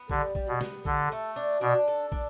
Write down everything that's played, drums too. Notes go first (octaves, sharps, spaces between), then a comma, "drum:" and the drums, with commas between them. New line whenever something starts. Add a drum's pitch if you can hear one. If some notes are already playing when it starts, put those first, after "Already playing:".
Already playing: B3
D3 G3, drum: kick
G3, drum: kick
B2
B3, drum: snare
D3 A4, drum: kick
A3
D4
B2 D4
A4
D4, drum: kick